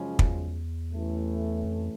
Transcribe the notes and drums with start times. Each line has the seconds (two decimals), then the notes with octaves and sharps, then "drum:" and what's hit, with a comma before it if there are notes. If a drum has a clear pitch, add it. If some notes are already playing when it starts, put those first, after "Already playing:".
Already playing: F#2 C#3 F3 G#3 C#4
0.19 E2, drum: kick
0.91 A1 A2 E3 A3
1.64 F2